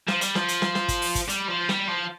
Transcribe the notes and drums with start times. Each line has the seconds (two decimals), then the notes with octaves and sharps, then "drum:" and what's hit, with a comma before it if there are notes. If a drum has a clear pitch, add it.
0.08 F3, drum: snare
0.21 G3, drum: hi-hat
0.35 F3, drum: snare
0.48 drum: hi-hat
0.62 drum: snare
0.75 drum: snare
0.88 drum: kick, hi-hat
1.02 drum: open hi-hat
1.15 drum: kick, hi-hat
1.29 G3, drum: hi-hat
1.48 F3
1.69 G3, drum: snare
1.88 F3